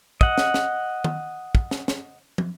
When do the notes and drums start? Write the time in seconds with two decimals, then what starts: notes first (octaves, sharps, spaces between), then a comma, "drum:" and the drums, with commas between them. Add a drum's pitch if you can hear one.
0.21 D#5 F#5, drum: kick
0.38 drum: snare
0.54 drum: snare
1.04 drum: tom
1.55 drum: kick
1.71 drum: snare
1.88 drum: snare
2.38 drum: tom